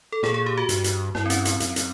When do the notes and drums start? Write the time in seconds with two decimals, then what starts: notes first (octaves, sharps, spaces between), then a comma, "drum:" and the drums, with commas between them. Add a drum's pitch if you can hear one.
0.12 A4
0.23 A#2 G#4, drum: snare
0.34 G#4
0.46 G4
0.57 F#4
0.69 G2, drum: hi-hat
0.84 drum: hi-hat
1.15 G2 E4, drum: snare
1.26 C4
1.30 C#4, drum: hi-hat
1.45 C4, drum: hi-hat
1.60 F#2, drum: hi-hat
1.76 drum: hi-hat